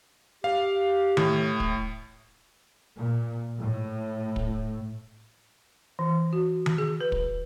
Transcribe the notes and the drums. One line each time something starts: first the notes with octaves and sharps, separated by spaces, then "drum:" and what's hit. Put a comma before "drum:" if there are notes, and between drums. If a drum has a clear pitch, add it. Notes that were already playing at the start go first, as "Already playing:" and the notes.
G4 F5
A2, drum: tom D#3
drum: kick
A#2
A2
drum: kick
E3
F#4
drum: tom D#3
G#4
B4
drum: kick